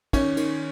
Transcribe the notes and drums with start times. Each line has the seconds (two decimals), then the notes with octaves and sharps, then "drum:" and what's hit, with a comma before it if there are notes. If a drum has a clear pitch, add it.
0.13 D#3 C#4, drum: kick, cymbal
0.37 D#3, drum: cymbal